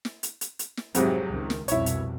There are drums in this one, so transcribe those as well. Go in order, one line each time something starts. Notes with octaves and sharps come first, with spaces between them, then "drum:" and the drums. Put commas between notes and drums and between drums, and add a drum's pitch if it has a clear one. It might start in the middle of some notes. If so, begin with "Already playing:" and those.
drum: snare
drum: hi-hat
drum: hi-hat
drum: hi-hat
drum: snare
F2 G#2 C3 F#3, drum: hi-hat
C#2 D#3
drum: snare
C2 F2 B2 E4 C#5, drum: hi-hat
drum: hi-hat